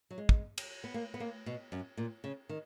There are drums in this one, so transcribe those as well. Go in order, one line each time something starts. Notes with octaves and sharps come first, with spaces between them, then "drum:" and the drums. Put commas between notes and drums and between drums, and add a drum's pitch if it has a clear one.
F#3
G#3
drum: kick
drum: cymbal
B3
A#3
B3
A#3
B2
F#2
A#2
C#3
D#3